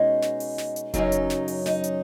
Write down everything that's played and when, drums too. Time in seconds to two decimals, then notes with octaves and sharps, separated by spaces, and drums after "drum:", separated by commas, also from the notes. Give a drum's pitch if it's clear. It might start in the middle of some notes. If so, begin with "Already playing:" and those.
Already playing: B2 G#3 C#4 D#4
0.22 drum: snare
0.40 drum: open hi-hat
0.58 drum: snare
0.76 drum: hi-hat
0.94 F#2 C#3 F#3 D#4, drum: kick F1, hi-hat
1.12 drum: hi-hat
1.30 drum: snare
1.48 drum: open hi-hat
1.66 D#4, drum: snare
1.84 drum: hi-hat